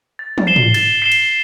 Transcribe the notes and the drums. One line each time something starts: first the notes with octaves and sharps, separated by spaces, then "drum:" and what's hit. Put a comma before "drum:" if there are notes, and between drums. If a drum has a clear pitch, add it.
A6
drum: tom
C7 E7 G7
drum: tom
A6, drum: cymbal
C7 E7 G7
drum: cymbal